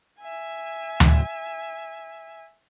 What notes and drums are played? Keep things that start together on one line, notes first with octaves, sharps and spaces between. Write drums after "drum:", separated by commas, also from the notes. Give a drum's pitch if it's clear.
E5 G#5
drum: tom D2